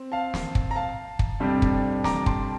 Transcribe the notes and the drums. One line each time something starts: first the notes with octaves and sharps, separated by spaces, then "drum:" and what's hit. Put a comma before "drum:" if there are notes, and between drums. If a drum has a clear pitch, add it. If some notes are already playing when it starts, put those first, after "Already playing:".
Already playing: C4
F5 A5
drum: snare
drum: kick
A#5
F5 A5
drum: kick
F2 C3 G3 D4
drum: kick
A#5 D6, drum: snare
A5 C6, drum: kick